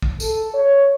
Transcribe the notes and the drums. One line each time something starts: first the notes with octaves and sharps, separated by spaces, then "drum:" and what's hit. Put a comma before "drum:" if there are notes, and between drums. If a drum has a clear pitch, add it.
drum: kick
A4, drum: tambourine
C#5